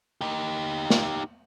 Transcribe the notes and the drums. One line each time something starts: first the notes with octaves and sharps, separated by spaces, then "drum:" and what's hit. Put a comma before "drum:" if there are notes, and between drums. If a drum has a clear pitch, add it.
D#4 G4
drum: snare